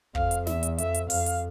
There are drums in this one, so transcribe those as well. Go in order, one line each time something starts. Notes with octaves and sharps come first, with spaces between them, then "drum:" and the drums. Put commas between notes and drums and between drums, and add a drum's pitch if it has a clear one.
F2 F5, drum: kick
drum: hi-hat
E2 E5, drum: snare
drum: hi-hat
F2 E5, drum: hi-hat
drum: hi-hat
F2 F5, drum: open hi-hat
drum: hi-hat